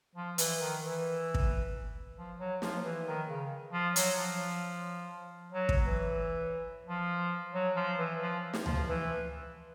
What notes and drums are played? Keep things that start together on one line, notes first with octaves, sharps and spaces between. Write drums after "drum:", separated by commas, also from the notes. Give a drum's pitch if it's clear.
F3
E3, drum: hi-hat
D#3
E3
drum: kick
F3
F#3
F3, drum: snare
E3
D#3
C#3
F3
F#3, drum: hi-hat
F3
F#3
drum: kick
E3
F3
F#3
F3
E3
F3
drum: snare
F3, drum: tom C#2
E3